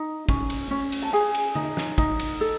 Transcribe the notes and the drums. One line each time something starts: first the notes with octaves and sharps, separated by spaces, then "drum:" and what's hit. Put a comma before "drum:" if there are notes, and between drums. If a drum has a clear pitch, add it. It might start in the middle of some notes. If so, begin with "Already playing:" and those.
Already playing: D#4
C#4, drum: kick
drum: cymbal
C#4
drum: cymbal
A5
G#4 G#5
drum: cymbal
D#4, drum: tom D3
drum: snare
D#4, drum: kick
drum: cymbal
A4